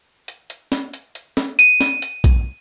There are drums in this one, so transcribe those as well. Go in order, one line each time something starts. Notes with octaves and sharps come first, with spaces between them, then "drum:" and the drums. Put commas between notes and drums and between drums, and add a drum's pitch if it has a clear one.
drum: hi-hat
drum: hi-hat
drum: snare
drum: hi-hat
drum: hi-hat
drum: snare
D#7, drum: hi-hat
drum: snare
drum: hi-hat
drum: kick, hi-hat